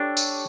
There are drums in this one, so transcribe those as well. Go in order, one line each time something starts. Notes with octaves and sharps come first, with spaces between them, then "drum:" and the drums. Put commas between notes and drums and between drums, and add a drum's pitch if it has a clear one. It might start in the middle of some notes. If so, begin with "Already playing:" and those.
Already playing: D4 G4 A4 C#5
drum: tambourine